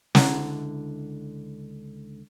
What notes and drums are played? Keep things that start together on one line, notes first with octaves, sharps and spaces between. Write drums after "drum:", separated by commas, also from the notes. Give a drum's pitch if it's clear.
C#2 D3 E4 F#5 A#5, drum: snare